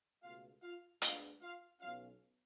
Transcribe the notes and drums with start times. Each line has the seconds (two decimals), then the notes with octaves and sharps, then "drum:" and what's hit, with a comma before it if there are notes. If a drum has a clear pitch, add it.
0.23 C#2 B2 A3 F4 F5
0.62 F4 F5
1.02 D2 D3 G#3 B3 D4 F4 F5, drum: hi-hat
1.41 F4 F5
1.81 B1 B2 F#3 C#4 F4 F5